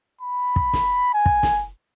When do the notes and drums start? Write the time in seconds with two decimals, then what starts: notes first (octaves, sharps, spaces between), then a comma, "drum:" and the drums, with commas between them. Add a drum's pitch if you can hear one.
0.21 B5
0.56 drum: kick
0.73 drum: snare
1.14 G#5
1.26 drum: kick
1.43 drum: snare